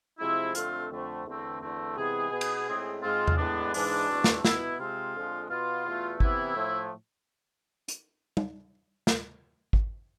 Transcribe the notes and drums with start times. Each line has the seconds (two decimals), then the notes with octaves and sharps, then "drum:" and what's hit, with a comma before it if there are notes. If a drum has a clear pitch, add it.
0.19 C3 F3 G#3 C4 E4
0.55 F2 D3 A3 C4 F4, drum: hi-hat
0.91 F2 D3 A3 C4
1.26 E2 D3 A3 C4
1.61 E2 D3 A3 C4
1.97 C3 E3 G#3 B3 G#4
2.32 B2 B3
2.41 drum: cymbal
2.68 A2 G#3 C4
3.02 G#2 G#3 C4 F4
3.27 drum: tom E2
3.38 A2 G#3 B3 D4
3.74 G#2 E3 G#3 D4, drum: open hi-hat
4.09 E2 B2 A3 C4
4.24 drum: snare
4.45 B2 B3 E4, drum: snare
4.80 C3 G#3 C4 F4
5.15 F2 D3 F3 G#3
5.50 B2 B3 F4
5.85 E2 B2 A3
6.20 C3 E3 B3 E4, drum: kick G#1
6.56 A2 F3 A3
7.88 drum: hi-hat
8.37 drum: tom
9.07 drum: snare
9.73 drum: kick G#1